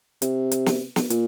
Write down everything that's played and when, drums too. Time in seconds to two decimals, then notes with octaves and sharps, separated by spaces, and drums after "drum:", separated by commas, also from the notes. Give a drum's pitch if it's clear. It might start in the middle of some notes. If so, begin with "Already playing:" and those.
0.22 C3, drum: hi-hat
0.51 drum: hi-hat
0.66 drum: snare
0.96 drum: snare
1.10 A#2, drum: hi-hat